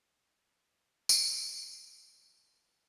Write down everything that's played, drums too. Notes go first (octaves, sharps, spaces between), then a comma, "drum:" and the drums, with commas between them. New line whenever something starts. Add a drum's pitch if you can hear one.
F3 D6 D#6 G6, drum: tambourine